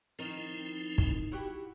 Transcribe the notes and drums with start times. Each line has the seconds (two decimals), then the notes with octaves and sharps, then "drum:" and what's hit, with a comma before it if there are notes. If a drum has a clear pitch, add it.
0.19 D#3 F3 C4 D#4 E4
0.98 drum: kick
1.32 E4 F#4 G4